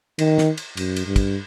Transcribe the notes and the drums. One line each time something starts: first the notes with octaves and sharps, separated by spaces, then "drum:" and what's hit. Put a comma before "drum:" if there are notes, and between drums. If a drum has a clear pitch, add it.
D#3, drum: cymbal
drum: snare
drum: cymbal
F#2, drum: cymbal
drum: cymbal
G2
drum: kick, cymbal